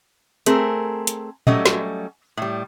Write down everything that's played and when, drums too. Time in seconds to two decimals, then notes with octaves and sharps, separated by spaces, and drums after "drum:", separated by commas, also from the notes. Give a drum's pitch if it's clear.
0.46 A3 C4 G#4 A#4, drum: hi-hat
1.07 drum: hi-hat
1.47 F#3 G3 A3 C#4 D#5, drum: tom A#2
1.66 drum: snare
2.37 A2 G3